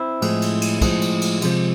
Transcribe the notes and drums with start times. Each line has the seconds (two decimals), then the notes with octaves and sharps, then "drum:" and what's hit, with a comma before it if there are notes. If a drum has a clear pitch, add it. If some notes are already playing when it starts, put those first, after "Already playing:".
Already playing: C4 E4
0.22 A2 F3 G#3, drum: cymbal
0.42 drum: cymbal
0.62 drum: cymbal
0.81 A2 F3 G#3, drum: kick, cymbal
1.02 drum: cymbal
1.21 drum: cymbal
1.42 C3 F3 G#3, drum: cymbal